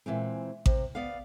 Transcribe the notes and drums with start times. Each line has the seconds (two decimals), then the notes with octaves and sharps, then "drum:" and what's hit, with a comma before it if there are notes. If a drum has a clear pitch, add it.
0.06 A#2 E3 G#3 C4
0.66 C3, drum: kick A1
0.95 B3 D5 F5